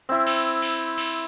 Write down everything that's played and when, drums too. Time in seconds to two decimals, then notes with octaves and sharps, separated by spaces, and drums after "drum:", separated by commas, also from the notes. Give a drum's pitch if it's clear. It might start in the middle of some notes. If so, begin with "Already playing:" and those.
0.09 C4 E4
0.27 drum: cymbal
0.62 drum: cymbal
0.98 drum: cymbal